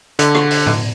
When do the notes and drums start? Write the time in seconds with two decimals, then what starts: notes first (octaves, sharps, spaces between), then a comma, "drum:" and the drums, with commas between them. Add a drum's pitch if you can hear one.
0.19 D3, drum: hi-hat
0.35 drum: rim click
0.51 drum: open hi-hat
0.66 drum: tom A2